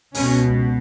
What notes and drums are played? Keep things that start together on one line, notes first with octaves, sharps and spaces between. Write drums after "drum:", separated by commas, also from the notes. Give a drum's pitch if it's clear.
C#2 B2 C#4, drum: open hi-hat